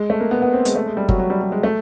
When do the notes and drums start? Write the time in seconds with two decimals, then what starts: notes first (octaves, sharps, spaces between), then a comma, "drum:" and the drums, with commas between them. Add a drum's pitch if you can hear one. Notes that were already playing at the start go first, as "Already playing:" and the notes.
Already playing: G#3
0.10 A3
0.21 A#3
0.31 B3
0.42 B3
0.53 C4
0.65 G#3, drum: hi-hat
0.76 A3
0.86 G#3
0.97 G3
1.09 F#3, drum: kick G1
1.19 F#3
1.30 G3
1.41 G3
1.52 G#3
1.63 A3